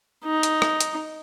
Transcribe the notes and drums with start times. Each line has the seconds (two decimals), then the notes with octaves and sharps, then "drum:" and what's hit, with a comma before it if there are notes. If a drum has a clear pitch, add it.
0.25 D#4
0.43 drum: hi-hat
0.62 drum: rim click
0.80 drum: hi-hat